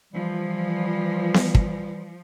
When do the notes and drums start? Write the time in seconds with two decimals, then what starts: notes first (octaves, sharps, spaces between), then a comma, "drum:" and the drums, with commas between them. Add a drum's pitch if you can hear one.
0.13 E3 F3 G3
1.34 drum: snare B3
1.55 drum: kick